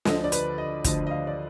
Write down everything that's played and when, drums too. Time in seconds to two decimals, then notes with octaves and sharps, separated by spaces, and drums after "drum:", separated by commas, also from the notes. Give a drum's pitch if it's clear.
0.05 D2 D3 F3 D#5, drum: snare
0.24 D5
0.32 B4, drum: hi-hat
0.58 D#5
0.85 D2 D3 F3 D#5, drum: kick, hi-hat
1.07 D#5
1.11 F5
1.27 D5